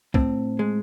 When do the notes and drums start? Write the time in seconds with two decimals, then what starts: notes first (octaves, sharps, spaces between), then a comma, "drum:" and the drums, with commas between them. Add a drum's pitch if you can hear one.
0.14 A2 C4, drum: kick
0.59 G#3